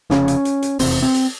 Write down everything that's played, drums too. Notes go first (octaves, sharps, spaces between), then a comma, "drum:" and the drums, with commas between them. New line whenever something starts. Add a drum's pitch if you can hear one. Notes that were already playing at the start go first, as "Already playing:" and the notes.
F1 F2 C#3 C#4, drum: snare
drum: hi-hat
drum: hi-hat
drum: hi-hat
F1 E2 C3 C4, drum: open hi-hat
C4
drum: hi-hat